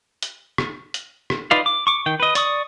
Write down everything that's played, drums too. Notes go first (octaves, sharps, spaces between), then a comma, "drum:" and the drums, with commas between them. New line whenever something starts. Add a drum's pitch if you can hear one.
drum: hi-hat
drum: rim click
drum: hi-hat
drum: rim click
D#4 F4 B4 D5 F5
D6
C#6 D6
D#3 G5
B4 D#5
D5 C#6 D#6, drum: hi-hat